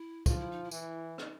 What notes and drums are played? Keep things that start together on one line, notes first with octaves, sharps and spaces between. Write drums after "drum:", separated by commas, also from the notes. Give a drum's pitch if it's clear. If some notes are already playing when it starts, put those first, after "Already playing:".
Already playing: E4
F3 F4, drum: kick, tambourine
E4
D#4
E4
E3, drum: tambourine
D#4, drum: rim click